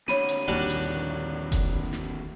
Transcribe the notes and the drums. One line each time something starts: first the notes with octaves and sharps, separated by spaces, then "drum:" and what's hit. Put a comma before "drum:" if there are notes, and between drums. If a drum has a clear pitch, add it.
A#2 D3 C#5 B5 D#7, drum: snare
drum: hi-hat
A#1 D#2 G3 D4 F#4
drum: hi-hat
drum: kick F1, hi-hat
drum: snare